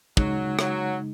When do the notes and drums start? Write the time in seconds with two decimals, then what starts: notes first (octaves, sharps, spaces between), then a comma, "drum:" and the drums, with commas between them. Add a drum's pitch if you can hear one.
0.17 C#3 F#3 G#3 D#4, drum: kick
0.59 F#3, drum: rim click